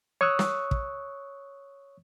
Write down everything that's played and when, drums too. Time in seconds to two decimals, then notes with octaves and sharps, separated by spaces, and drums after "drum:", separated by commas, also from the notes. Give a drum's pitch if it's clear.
0.21 C#5 C#6 D#6 E6 F#6
0.39 drum: snare
0.71 drum: kick